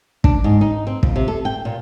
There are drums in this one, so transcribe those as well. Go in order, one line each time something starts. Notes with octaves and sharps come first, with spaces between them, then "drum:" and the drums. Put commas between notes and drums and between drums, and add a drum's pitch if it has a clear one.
D4, drum: kick
G#2
D#4
C4
F2, drum: kick
C3
A4
G5
A#2